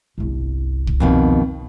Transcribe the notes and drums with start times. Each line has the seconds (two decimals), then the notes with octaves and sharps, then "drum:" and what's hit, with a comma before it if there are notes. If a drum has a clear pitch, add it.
0.18 G1 C2
0.87 drum: kick
1.00 F2 B2 D#3